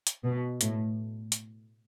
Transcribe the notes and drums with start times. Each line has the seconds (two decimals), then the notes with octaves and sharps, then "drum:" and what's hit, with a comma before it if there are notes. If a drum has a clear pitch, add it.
0.07 drum: hi-hat
0.24 B2
0.61 A2, drum: hi-hat
1.32 drum: hi-hat